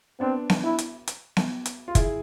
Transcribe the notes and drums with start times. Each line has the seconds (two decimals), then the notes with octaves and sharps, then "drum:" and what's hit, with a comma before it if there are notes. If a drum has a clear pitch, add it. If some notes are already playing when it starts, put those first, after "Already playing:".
0.20 B3 C4 D4
0.49 drum: snare B3
0.64 E4
0.79 drum: hi-hat
1.08 drum: hi-hat
1.37 drum: snare B3
1.66 drum: hi-hat
1.88 F4
1.95 E4 G#4, drum: kick, hi-hat